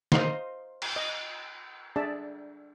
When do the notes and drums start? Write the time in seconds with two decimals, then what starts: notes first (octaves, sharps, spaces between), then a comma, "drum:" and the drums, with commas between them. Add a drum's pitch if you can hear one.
0.12 C5 D#5 F5 A#5 C6, drum: snare
0.82 drum: cymbal
0.96 D#5
1.96 D4 G#4 D5 E5 A5